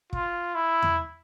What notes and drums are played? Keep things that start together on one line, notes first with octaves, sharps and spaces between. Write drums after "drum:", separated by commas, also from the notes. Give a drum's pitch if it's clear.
F4, drum: kick
E4
drum: tom E2